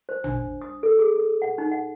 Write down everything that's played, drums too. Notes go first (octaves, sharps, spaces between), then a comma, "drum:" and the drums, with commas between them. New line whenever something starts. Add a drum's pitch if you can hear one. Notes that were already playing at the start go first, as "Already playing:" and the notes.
C5
D4, drum: tom A1
D#6
A4
G#4
A4
F#5
D#4
F#5